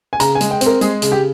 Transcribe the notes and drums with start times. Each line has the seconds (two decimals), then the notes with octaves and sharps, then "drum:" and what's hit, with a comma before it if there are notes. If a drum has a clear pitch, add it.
0.13 G#5
0.20 C#3 A#5, drum: hi-hat
0.35 G#5
0.41 G#3, drum: hi-hat
0.51 G5
0.61 C4, drum: hi-hat
0.66 A#4
0.81 G#3 G#4, drum: hi-hat
1.02 C#3, drum: hi-hat
1.12 G4